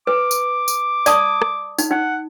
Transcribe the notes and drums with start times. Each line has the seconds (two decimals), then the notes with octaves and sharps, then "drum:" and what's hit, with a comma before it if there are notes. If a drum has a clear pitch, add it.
0.07 B4 D6
0.31 drum: tambourine
0.68 drum: tambourine
1.06 D5 A5 D#6, drum: tambourine
1.42 drum: rim click
1.79 D#4, drum: tambourine
1.91 D#4 F#5